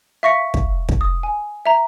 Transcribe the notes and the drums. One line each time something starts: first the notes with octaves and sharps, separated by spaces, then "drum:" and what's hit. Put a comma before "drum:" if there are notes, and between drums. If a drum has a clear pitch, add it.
E5 F5 C#6 A#6 B6 C#7
drum: kick
drum: kick
D#6
G#5
E5 A#5